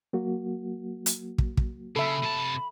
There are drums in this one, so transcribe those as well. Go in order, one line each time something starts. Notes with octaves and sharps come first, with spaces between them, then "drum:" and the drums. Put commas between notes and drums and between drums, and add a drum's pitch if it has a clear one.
F#3 A#3 F#4
drum: hi-hat
drum: kick
drum: kick
C#3 A4 E5 B5
C3 A5